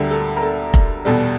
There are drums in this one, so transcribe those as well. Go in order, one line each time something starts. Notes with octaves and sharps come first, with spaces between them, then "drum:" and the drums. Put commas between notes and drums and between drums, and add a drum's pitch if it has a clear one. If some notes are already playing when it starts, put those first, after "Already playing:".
Already playing: D2 D3 G3 A4 A#4
A4
A#4
A4
drum: kick F1
E2 B2 G3 A4